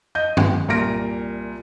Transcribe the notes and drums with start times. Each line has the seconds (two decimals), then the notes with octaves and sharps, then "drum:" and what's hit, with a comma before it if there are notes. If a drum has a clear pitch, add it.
0.15 D#5 G6
0.37 drum: tom G2
0.68 C2 A#2 A#4 F6 A#6 D7